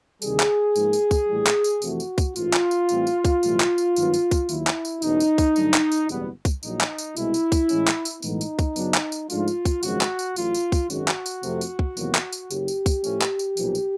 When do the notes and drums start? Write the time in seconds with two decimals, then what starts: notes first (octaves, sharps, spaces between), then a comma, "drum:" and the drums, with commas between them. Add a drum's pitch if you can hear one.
0.22 D2 C3 D#3 G3 G#4, drum: tambourine
0.40 drum: clap
0.76 G#2 F3 A#3, drum: tambourine
0.93 drum: tambourine
1.11 drum: kick, tambourine
1.28 A#1 A2 E3 G3
1.47 drum: clap
1.64 drum: tambourine
1.82 F2 C3 E3 A3 F#4, drum: tambourine
2.00 drum: tambourine
2.18 drum: kick, tambourine
2.36 A1 G#2 E3 F4, drum: tambourine
2.53 drum: clap
2.71 drum: tambourine
2.89 A2 E3 G3 C4, drum: tambourine
3.07 drum: tambourine
3.25 drum: kick, tambourine
3.43 B1 A2 E3 G3, drum: tambourine
3.60 drum: clap
3.78 drum: tambourine
3.96 G#1 G2 D#3 F#3 B3, drum: tambourine
4.14 drum: tambourine
4.31 drum: kick, tambourine
4.49 D#2 D#3 F#3 E4, drum: tambourine
4.67 drum: clap
4.85 drum: tambourine
5.02 F#1 E2 B2 G#3 C#4 D#4, drum: tambourine
5.20 drum: tambourine
5.38 drum: kick, tambourine
5.56 G2 D3 F#3 A3 D4, drum: tambourine
5.74 drum: clap
5.92 drum: tambourine
6.09 F#1 E2 B2 G3 B3, drum: tambourine
6.45 drum: kick, tambourine
6.63 A#1 A#2 F#3 D#4, drum: tambourine
6.81 drum: clap
6.98 drum: tambourine
7.16 C2 B2 G#3 E4, drum: tambourine
7.34 drum: tambourine
7.52 drum: kick, tambourine
7.69 A2 E3 G#3 C#4, drum: tambourine
7.87 drum: clap
8.05 drum: tambourine
8.22 B1 A2 E3 G#3 B3 D#4, drum: tambourine
8.41 drum: tambourine
8.59 drum: kick, tambourine
8.76 F#2 C#3 F#3 B3 D4, drum: tambourine
8.94 drum: clap
9.12 drum: tambourine
9.30 G#2 F3 A3 D4 F4, drum: tambourine
9.48 drum: tambourine
9.65 drum: kick, tambourine
9.83 G#1 F#2 C#3 F3 G#3 F#4, drum: tambourine
10.01 drum: clap
10.19 drum: tambourine
10.36 A1 A2 F#3 F4, drum: tambourine
10.54 drum: tambourine
10.72 drum: kick, tambourine
10.90 G#1 F#2 D#3 G#3 C#4 F#4, drum: tambourine
11.08 drum: clap
11.26 drum: tambourine
11.43 F2 C3 F3 A3, drum: tambourine
11.61 drum: tambourine
11.79 drum: kick
11.97 E2 C3 D#3 F#3 A#3, drum: tambourine
12.15 drum: clap
12.32 drum: tambourine
12.50 F#1 F#2 C#3 G4, drum: tambourine
12.68 drum: tambourine
12.86 drum: kick, tambourine
13.04 A2 F3 A3 C#4, drum: tambourine
13.22 drum: clap
13.39 drum: tambourine
13.57 B1 A#2 F3, drum: tambourine
13.75 drum: tambourine